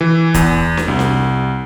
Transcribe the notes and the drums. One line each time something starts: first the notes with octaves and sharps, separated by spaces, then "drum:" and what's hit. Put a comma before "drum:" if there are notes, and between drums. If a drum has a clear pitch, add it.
E3
E2, drum: kick, hi-hat
drum: snare
C2
drum: snare